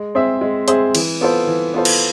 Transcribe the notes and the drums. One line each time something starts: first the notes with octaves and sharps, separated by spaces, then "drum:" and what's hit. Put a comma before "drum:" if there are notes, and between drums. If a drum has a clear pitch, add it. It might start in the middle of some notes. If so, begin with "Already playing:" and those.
Already playing: G#3
C4 G#4 C5 E5
G#3
C4 G#4 C5 E5, drum: hi-hat
E3, drum: cymbal
B3 F4 A4 C5
E3
B3 F4 A4 C5
drum: cymbal